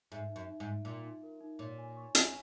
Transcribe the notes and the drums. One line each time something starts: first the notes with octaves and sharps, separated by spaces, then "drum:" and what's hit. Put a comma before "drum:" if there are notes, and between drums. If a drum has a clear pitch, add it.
G#2 E5
D#4
F#2
D#4
G#2
D#4
A#2 D#4
D#4
A#4
D#4
A#2 C#5
G#5
C#6
G#5, drum: hi-hat